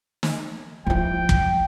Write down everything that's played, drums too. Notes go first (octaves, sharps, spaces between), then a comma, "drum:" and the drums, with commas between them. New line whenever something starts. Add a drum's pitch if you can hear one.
drum: snare
F3 E4 G5
drum: kick